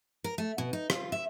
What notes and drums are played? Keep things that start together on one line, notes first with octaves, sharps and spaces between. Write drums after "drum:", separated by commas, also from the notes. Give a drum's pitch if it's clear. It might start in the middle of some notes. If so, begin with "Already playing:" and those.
A#4
A3
B2
D#4
F4, drum: rim click
E5